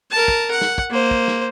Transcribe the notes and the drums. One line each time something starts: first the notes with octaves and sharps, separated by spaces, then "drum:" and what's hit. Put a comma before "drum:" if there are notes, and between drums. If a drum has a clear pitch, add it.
A#4 A5
drum: kick
F#5
drum: snare
drum: kick
A#3 C5
drum: kick
drum: snare